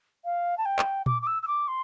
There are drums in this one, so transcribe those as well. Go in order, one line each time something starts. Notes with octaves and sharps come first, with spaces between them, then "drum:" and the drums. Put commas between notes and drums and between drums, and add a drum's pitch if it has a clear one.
F5
A5
G5
drum: clap
D6, drum: tom A#2
D6
E6
E6
D6
C6